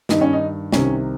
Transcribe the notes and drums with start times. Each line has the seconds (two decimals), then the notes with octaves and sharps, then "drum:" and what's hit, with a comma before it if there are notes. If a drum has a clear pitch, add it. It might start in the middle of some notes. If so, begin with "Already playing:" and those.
0.09 G2 D#3 D#4, drum: snare
0.21 C#4
0.33 D#4
0.72 C2 C3 D#3 C#4, drum: snare